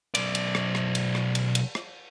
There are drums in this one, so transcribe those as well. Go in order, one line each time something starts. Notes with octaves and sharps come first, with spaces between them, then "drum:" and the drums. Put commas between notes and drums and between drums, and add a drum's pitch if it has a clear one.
B1 D5, drum: cymbal
drum: cymbal
drum: rim click
drum: rim click
drum: cymbal
drum: rim click
drum: cymbal
drum: cymbal
drum: rim click